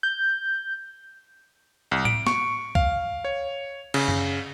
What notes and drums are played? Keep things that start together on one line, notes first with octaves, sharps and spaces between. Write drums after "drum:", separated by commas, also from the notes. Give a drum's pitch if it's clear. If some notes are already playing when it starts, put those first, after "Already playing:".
G6
C2
D7, drum: tom A2
C#6, drum: snare
F5, drum: kick C2
C#5
C#3, drum: cymbal
drum: tom F#2